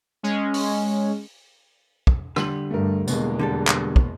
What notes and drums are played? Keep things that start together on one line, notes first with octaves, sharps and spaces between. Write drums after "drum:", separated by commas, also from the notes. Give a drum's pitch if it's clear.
G#3 C#4
drum: open hi-hat
drum: kick
D3 G3 C6 F#7, drum: rim click
G2 A3 A#4
E2 B2 G#3 A#3, drum: tambourine
D3 G3 A4
drum: clap
drum: kick